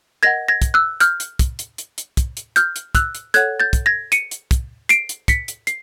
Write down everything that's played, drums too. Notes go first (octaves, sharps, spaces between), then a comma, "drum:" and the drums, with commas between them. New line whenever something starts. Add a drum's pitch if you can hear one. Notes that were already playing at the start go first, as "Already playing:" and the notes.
A#4 D#5 F#5 G#6 A#6
G#6 A#6
drum: kick, hi-hat
E6 F#6
F6 G6, drum: hi-hat
drum: hi-hat
drum: kick, hi-hat
drum: hi-hat
drum: hi-hat
drum: hi-hat
drum: kick, hi-hat
drum: hi-hat
F6 G6, drum: hi-hat
drum: hi-hat
E6 F#6, drum: kick, hi-hat
drum: hi-hat
A4 C#5 F#5 F#6 G#6, drum: hi-hat
G6 A6
drum: kick, hi-hat
G#6 A#6
C#7 D#7, drum: hi-hat
drum: hi-hat
drum: kick, hi-hat
C7 D7, drum: hi-hat
drum: hi-hat
B6 C#7, drum: kick, hi-hat
drum: hi-hat
C7, drum: hi-hat